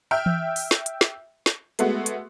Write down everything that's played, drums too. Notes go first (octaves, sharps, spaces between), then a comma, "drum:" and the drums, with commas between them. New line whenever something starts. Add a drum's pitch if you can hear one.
E5 G5 F6
drum: tom E3
drum: open hi-hat
drum: snare
drum: hi-hat
drum: snare
drum: snare
G#3 A3 B3 F#4, drum: hi-hat
drum: hi-hat